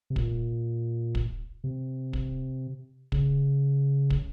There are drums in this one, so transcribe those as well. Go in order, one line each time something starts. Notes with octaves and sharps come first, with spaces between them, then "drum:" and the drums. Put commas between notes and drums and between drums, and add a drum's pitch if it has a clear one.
C3
A#2, drum: kick
drum: kick
C3
drum: kick
C#3, drum: kick
drum: kick